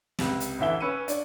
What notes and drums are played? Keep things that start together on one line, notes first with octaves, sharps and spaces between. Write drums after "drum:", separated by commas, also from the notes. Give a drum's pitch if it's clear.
C#2 C3, drum: snare
drum: hi-hat
A1 D3 E3 E5 G7
C#4 B4 E6 C#7 D#7
D4 D5, drum: hi-hat